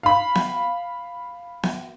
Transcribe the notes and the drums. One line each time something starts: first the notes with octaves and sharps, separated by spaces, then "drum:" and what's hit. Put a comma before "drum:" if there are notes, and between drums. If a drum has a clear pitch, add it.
F5 B5
drum: snare B3
drum: snare B3